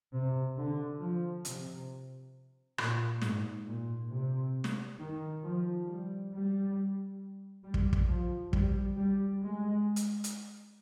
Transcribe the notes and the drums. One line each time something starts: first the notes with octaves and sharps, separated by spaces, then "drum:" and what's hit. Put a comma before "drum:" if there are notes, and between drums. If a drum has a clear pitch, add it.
C3
D3
F3
C3, drum: hi-hat
A#2, drum: rim click
G#2, drum: snare
A#2
C3
drum: snare
D#3
F3
G3
G3
G3
drum: kick
drum: kick
F3
G3, drum: kick
G3
G#3
drum: hi-hat
drum: hi-hat